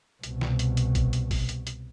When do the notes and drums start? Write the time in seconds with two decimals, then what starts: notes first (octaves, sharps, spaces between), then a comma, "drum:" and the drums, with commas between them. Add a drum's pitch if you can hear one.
0.23 C2 B2, drum: hi-hat
0.41 drum: snare
0.59 drum: hi-hat
0.77 drum: hi-hat
0.95 drum: kick A1, hi-hat
1.13 drum: hi-hat
1.31 drum: kick A1, open hi-hat
1.49 drum: hi-hat
1.67 drum: hi-hat